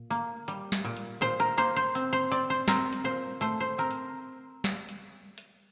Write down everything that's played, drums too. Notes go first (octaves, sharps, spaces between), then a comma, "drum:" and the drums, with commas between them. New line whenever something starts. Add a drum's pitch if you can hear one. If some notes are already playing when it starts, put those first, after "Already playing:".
Already playing: A#2
A#3
G3, drum: hi-hat
drum: snare
A#2
drum: hi-hat
A#2 C5
A#4
A#3 C5
C5
C4, drum: hi-hat
C5
C4 D5
C5
C4 A#4, drum: snare
drum: hi-hat
A#2 C5
A3 C5, drum: hi-hat
C5
C4 A#4
drum: hi-hat
drum: snare
drum: hi-hat
drum: hi-hat